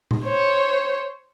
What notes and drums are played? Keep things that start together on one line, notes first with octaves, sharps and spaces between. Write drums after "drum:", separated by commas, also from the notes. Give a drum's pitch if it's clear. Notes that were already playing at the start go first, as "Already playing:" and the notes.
drum: tom A#2
C5 C#5